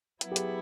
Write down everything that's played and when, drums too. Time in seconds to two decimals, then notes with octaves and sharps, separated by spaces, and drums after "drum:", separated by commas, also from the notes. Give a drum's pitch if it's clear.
0.21 F#3 B3 E4, drum: hi-hat
0.32 G4
0.36 G#4, drum: hi-hat